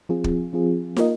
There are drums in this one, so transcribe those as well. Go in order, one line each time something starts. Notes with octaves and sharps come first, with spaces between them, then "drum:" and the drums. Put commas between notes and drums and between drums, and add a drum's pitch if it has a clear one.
F3 C4 F4 G#4
drum: kick
F3 C4 F4 G#4
A#3 F4 A#4 D#5, drum: snare